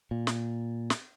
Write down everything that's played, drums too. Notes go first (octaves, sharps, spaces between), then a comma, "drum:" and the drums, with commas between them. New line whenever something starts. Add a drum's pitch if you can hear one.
A#2
drum: snare
drum: snare